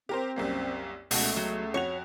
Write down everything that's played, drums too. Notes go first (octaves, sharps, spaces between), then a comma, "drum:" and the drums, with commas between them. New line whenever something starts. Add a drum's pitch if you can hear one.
C4 G4 A#4 C5
C2 F#2 A#3
C#2 B2 A3 F#4, drum: open hi-hat
F#3
F2 F#4 C#5 F7